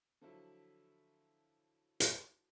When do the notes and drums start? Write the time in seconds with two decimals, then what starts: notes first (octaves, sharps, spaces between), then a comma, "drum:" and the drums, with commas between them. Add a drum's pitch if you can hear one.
0.21 D3 F3 F#3 E4
2.00 drum: hi-hat